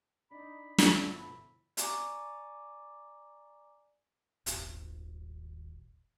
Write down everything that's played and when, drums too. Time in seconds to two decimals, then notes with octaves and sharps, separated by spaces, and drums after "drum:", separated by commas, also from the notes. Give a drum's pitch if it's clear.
0.31 D4 D#4 B5
0.78 G1 B2 F3 E4, drum: snare
1.77 D5 G#5 A#5 C#6 D6, drum: hi-hat
4.46 D#1 G#1, drum: hi-hat